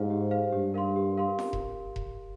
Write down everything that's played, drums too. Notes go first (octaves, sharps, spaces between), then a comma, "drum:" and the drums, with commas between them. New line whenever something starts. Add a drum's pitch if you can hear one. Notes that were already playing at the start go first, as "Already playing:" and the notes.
Already playing: G#2 G4 C5 F5
G4
C5 F5
G2 G4
A#4 F5 C6
G4
A#4 F5 C6
drum: snare
drum: kick E1
drum: kick E1